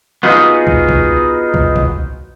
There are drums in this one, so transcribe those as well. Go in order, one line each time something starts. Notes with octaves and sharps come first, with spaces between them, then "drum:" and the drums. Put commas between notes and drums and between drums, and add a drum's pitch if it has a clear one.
B3 D#4 F4 F#4 G#4
drum: kick
drum: kick
drum: kick
drum: kick